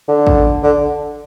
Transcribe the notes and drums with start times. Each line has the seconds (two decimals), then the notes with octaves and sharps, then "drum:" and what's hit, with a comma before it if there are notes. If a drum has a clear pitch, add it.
0.08 D3
0.27 drum: kick
0.64 D3